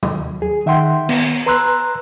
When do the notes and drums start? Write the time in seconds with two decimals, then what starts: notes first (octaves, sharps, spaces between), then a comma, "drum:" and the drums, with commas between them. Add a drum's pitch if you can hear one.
0.03 D#2 F#3, drum: tom
0.42 G#4
0.66 D#3 E5 F#5 G5 C6
1.09 B3, drum: cymbal
1.46 B4 A#5 C6 E6 F#6